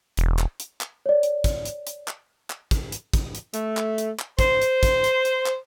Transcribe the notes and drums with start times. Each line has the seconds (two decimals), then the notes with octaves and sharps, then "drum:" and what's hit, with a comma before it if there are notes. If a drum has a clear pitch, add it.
0.17 E1, drum: hi-hat
0.39 drum: clap
0.60 drum: hi-hat
0.81 drum: clap
1.06 C#5 D5
1.23 drum: hi-hat
1.44 drum: kick, hi-hat
1.65 drum: hi-hat
1.87 drum: hi-hat
2.08 drum: clap
2.50 drum: clap
2.71 drum: kick, hi-hat
2.92 drum: hi-hat
3.14 drum: kick, hi-hat
3.35 drum: hi-hat
3.54 A3, drum: hi-hat
3.77 drum: clap
3.98 drum: hi-hat
4.19 drum: clap
4.39 C5, drum: kick, hi-hat
4.62 drum: hi-hat
4.83 drum: kick, hi-hat
5.04 drum: hi-hat
5.25 drum: hi-hat
5.46 drum: clap